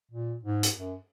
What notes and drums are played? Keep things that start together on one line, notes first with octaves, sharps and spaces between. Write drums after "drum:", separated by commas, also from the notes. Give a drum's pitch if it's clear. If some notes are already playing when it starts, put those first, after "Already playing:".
A#2
G#2
drum: hi-hat
F#2